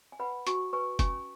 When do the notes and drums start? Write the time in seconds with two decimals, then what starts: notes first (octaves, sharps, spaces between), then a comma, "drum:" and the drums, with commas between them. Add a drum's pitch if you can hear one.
0.12 G#5
0.19 B4 F#5 B5
0.47 F#4 G#5 C#6, drum: hi-hat
0.73 B4 G#5 C#6
0.99 C#4 G#5 C#6, drum: kick, hi-hat